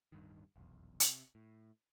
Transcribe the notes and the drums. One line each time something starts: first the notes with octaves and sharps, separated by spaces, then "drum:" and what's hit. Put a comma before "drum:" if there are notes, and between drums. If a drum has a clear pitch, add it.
D1 G2 D#3
F1 B1 E2
C3, drum: hi-hat
A2